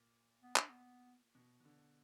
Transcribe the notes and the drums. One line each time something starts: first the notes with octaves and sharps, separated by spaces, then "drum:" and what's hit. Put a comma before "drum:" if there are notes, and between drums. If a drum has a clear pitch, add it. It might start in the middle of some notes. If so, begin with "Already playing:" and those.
Already playing: A#2
B3
D4, drum: clap
B3
B2
B2
D3